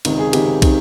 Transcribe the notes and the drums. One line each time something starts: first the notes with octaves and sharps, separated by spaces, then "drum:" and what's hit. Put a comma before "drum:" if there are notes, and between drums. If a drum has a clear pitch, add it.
C#2 C3 D#3, drum: cymbal
G#4
C#2 C3 D#3 G4, drum: cymbal
C3 D#3, drum: kick, cymbal